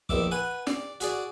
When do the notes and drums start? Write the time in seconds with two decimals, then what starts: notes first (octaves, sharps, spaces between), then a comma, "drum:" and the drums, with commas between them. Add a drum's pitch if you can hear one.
0.09 A#1 E2 D#3 E5 D6, drum: kick
0.31 B4 F#5 G#5
0.67 D5, drum: snare
1.00 F#4 G#4 D5, drum: hi-hat